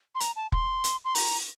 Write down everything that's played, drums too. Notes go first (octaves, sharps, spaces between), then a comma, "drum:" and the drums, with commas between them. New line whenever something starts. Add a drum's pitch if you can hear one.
C6
A#5, drum: hi-hat
A5
C6, drum: kick
drum: hi-hat
C6
A#5, drum: open hi-hat